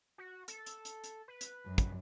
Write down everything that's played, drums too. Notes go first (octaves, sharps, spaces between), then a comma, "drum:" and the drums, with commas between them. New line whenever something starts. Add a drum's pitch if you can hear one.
F#4
A4, drum: hi-hat
drum: hi-hat
drum: hi-hat
drum: hi-hat
B4
drum: hi-hat
F#2
drum: kick, hi-hat